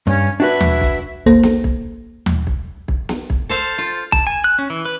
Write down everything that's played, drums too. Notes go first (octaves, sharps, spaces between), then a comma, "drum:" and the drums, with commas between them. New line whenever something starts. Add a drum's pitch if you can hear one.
G2 C#4
D4 F#4 B4 E5
drum: tom D#2
drum: kick
G#1 D2 A#3 A4 C5 A#6
drum: snare
drum: kick
drum: tom D#2
drum: kick
drum: kick
drum: snare
drum: kick
A4 C5 F5
F4
A5, drum: kick
G#5
F#6
C#4
E3
B4